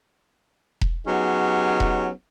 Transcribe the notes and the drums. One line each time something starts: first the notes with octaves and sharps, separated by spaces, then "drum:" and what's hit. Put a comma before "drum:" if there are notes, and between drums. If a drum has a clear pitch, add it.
drum: kick E1
F#3 B3 C#4 D#4 G4 G#4
drum: kick E1